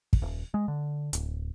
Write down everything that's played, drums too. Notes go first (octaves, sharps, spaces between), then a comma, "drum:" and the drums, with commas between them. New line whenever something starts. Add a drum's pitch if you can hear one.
drum: kick
D#1
G#3
D3
D1, drum: hi-hat